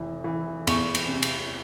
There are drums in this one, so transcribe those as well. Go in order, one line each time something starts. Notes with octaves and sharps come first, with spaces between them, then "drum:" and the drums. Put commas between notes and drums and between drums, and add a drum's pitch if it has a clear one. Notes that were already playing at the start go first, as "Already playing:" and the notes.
Already playing: F1 E3
E3
E2 C#6, drum: cymbal
drum: cymbal
C3
drum: cymbal